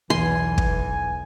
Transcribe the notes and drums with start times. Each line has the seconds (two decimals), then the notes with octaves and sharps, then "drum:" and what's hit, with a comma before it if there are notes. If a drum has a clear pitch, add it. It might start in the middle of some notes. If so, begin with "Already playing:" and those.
0.10 B1 E2 E3 G#5 C6
0.58 drum: kick